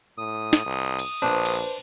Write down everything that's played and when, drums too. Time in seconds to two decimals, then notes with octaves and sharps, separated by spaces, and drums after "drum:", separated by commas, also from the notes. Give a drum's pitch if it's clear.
0.18 A2 D#6
0.53 drum: snare
0.66 C2
0.99 drum: cymbal
1.22 A#1 D4 B4 C5
1.45 drum: cymbal